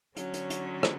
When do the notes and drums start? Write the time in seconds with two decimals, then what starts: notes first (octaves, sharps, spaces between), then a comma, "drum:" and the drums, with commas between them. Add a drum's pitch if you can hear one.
0.16 D3 F#3 C#4, drum: hi-hat
0.34 drum: hi-hat
0.50 drum: hi-hat
0.83 drum: rim click